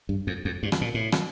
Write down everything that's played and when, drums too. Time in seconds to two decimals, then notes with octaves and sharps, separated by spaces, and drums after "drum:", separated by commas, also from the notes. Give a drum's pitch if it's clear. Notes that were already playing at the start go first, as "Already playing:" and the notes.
0.09 G2
0.27 F2
0.45 F2
0.63 G2
0.72 drum: rim click
0.81 A#2
0.94 A2
1.12 drum: rim click